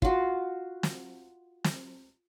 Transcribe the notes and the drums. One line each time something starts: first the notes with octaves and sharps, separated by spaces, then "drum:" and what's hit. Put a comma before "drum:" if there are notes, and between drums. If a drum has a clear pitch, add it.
F4 F#4, drum: kick
drum: snare
drum: snare